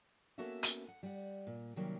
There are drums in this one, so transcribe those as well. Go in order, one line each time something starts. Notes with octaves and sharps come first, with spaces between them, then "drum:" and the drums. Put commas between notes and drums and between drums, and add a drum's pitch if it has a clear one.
A#3 B3 C#4 F#4 A4 E5
drum: hi-hat
F#5
G3 F#5
A#2
C3 D#3 F#3 G3 A#3 C#4